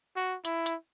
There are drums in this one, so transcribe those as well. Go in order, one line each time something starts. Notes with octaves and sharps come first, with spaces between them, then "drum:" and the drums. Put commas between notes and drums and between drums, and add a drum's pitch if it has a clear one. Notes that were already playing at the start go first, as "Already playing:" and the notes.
F#4
E4, drum: hi-hat
drum: hi-hat